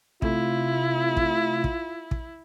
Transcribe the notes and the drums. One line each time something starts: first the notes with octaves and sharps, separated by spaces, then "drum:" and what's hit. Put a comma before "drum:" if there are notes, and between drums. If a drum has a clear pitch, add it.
C3 A3 E4 F4, drum: kick
drum: kick
drum: kick
drum: kick